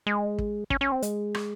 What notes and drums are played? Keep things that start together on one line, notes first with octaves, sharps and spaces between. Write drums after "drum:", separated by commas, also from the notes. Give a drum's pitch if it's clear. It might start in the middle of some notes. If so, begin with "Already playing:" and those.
G#3
drum: kick
C#4, drum: kick
C#4
C4
G#3, drum: hi-hat
drum: rim click